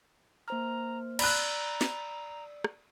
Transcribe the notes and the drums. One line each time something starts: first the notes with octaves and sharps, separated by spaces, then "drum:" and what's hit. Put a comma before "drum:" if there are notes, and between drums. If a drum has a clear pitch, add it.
A#3 C5 A#5 F6
D5 A#5 B5 E6 F#6, drum: cymbal
drum: snare
drum: rim click